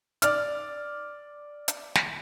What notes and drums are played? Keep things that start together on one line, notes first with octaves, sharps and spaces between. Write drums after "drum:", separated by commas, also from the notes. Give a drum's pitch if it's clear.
D5 F6, drum: hi-hat
drum: hi-hat
drum: snare